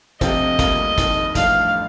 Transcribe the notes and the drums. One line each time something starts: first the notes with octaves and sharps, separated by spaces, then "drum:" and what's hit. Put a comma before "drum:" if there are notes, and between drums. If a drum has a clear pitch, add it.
D2 C3 F3 C4 G4 D#5, drum: kick, hi-hat
D2 D3 G3 A#3 F4, drum: kick, hi-hat
F1 F2 D#3, drum: kick, hi-hat
A1 G2 F3 A3 D4 F5, drum: kick, hi-hat